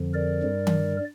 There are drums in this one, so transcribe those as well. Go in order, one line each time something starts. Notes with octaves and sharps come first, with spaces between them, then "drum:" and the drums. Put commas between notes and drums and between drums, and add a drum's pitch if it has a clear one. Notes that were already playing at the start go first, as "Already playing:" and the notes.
Already playing: F2 D3 F3
A#4 D5
G2 G3
drum: tom D#3